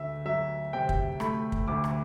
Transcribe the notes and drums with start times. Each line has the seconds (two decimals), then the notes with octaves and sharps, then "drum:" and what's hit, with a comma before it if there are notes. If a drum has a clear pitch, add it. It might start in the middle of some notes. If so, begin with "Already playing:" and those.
Already playing: D2 A3 E5
0.25 F#3 E5
0.73 C3 G5
0.89 drum: kick
1.20 A3 B5, drum: rim click
1.52 drum: kick
1.68 D2 D6
1.84 drum: rim click